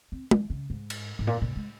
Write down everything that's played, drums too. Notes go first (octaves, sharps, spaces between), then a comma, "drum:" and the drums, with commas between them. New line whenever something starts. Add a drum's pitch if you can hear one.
C4
D#3, drum: tom
C#3
G#2
drum: cymbal
G#2
A#2
A#2
G#3